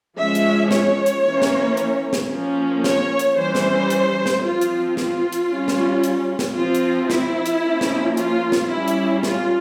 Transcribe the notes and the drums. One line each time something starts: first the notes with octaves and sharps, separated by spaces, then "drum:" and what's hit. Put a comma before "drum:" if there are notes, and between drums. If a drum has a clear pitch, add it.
F3 G#3 C#4 E5
drum: hi-hat
C#5, drum: snare
drum: hi-hat
E3 A#3 C#4
drum: snare
drum: hi-hat
drum: snare
F3 A#3 C#4
C#5, drum: snare
drum: hi-hat
E3 G3 C#4 C5
drum: snare
drum: hi-hat
drum: snare
F3 C4 F4
drum: hi-hat
F4, drum: snare
drum: hi-hat
G3 C#4
drum: snare
drum: hi-hat
drum: snare
F3 C4 F4
drum: hi-hat
E4, drum: snare
drum: hi-hat
F3 A#3 C#4
drum: snare
F4, drum: hi-hat
drum: snare
G3 C#4 E4
drum: hi-hat
F4, drum: snare